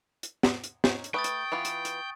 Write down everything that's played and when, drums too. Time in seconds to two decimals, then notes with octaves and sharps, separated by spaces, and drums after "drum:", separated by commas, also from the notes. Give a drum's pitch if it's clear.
0.23 drum: hi-hat
0.43 drum: snare
0.64 drum: hi-hat
0.84 C#4 D#4, drum: snare
1.04 drum: hi-hat
1.14 A3 B4 G5 C#6 D#6 A6
1.24 drum: hi-hat
1.52 E3 B3 F4
1.65 drum: hi-hat
1.85 drum: hi-hat